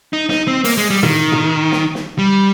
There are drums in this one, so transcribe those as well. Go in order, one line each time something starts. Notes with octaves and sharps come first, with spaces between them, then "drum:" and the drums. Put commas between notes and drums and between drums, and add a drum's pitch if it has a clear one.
D#4
D#4, drum: snare
C4
A#3, drum: open hi-hat
G#3
G3
D#3, drum: tom
drum: tom
drum: snare
drum: snare
G3